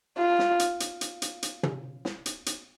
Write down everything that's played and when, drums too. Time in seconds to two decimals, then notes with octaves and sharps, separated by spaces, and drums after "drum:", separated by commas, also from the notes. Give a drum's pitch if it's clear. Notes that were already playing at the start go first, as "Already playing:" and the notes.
0.18 F4
0.39 drum: snare
0.59 drum: hi-hat
0.80 drum: hi-hat
1.01 drum: hi-hat
1.22 drum: hi-hat
1.43 drum: hi-hat
1.63 drum: tom
2.05 drum: snare
2.26 drum: hi-hat
2.46 drum: hi-hat